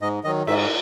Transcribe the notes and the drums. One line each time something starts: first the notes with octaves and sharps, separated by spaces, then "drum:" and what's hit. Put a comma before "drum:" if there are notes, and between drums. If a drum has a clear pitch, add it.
G#2 D#5
D#3 F#3 D#5
G#2 E5, drum: cymbal